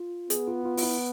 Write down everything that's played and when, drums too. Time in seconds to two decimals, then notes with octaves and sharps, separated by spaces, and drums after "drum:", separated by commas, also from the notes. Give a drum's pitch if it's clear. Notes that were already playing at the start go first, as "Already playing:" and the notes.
Already playing: F4
0.30 B3 G#4, drum: hi-hat
0.48 F4
0.65 F4
0.77 F4, drum: open hi-hat
0.83 E4